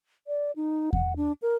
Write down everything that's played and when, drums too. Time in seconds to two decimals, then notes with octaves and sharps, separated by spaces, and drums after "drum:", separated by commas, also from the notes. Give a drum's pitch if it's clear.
0.27 D5
0.56 D#4
0.93 F#5, drum: kick E2
1.16 D4
1.42 A#4